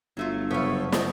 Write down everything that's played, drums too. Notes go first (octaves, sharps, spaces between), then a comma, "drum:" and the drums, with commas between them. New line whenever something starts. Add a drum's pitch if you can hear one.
G1 F#3 A3 F4
F#1 B3 C4 A4 C#5 F5 C#6
A4 D#5, drum: snare